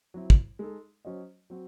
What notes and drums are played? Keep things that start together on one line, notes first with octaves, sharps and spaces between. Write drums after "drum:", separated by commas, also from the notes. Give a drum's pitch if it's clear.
F#3 C4 E4
drum: kick
G#3 D#4 A4
F#3 C#4 F#4 C5 D#5
F#3 C4 F#4